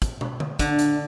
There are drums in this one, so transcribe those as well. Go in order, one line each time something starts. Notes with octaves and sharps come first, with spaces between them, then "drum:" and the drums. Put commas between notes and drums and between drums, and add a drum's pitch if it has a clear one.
drum: kick, hi-hat
drum: tom
drum: tom D3
D3 D4, drum: kick, hi-hat
drum: hi-hat